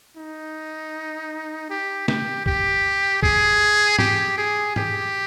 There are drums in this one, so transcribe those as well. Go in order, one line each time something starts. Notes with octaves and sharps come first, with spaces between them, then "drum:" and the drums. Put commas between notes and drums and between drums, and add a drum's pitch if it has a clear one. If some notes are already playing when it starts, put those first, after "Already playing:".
D#4
G4
G4, drum: snare
G4, drum: kick
G#4, drum: kick
G4, drum: tom G#2
G#4
G4, drum: tom G#2